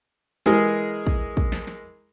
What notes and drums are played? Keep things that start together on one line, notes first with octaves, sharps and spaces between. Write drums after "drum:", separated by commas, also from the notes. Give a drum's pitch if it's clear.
E3 G#3 G#4 A#4, drum: snare
drum: kick
drum: kick
drum: snare
drum: snare